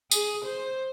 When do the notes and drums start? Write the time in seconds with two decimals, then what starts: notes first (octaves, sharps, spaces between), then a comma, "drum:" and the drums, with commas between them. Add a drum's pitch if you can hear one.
0.11 G#4, drum: tambourine
0.44 C5